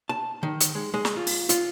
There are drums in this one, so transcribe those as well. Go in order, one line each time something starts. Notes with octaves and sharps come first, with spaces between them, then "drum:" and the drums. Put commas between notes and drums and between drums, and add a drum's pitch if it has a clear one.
A5
D#3
drum: hi-hat
G#3
G#3
drum: snare
F4
drum: open hi-hat
F4, drum: hi-hat